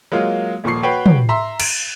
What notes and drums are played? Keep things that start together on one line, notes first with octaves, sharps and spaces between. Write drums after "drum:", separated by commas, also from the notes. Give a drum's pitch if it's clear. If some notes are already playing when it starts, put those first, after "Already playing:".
F#3 G#3 A#3 F4
D#1 A#2 F3 C#6 C7
F#4 B4 C#5 G5 B5
drum: tom
E5 A#5 C6
D7, drum: cymbal